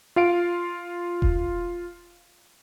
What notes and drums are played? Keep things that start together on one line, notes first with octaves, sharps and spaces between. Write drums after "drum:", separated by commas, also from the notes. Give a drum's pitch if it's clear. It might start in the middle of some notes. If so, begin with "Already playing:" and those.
F4 F5 D7
drum: kick E1